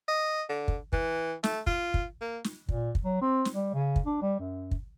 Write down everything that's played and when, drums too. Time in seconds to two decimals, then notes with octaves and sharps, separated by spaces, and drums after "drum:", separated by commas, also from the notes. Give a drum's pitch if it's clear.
0.08 D#5
0.49 D3
0.68 drum: kick
0.93 E3, drum: kick
1.44 A3, drum: snare
1.67 F4, drum: kick
1.94 drum: kick
2.21 A#3
2.44 drum: snare
2.69 A#2, drum: kick
2.95 drum: kick
3.04 F#3
3.21 C4
3.45 drum: snare
3.54 G3
3.74 C#3
3.96 drum: kick
4.06 D4
4.22 G3
4.39 F#2
4.71 drum: kick